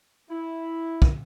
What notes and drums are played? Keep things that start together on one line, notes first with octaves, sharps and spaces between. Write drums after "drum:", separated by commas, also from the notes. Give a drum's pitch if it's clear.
E4
drum: kick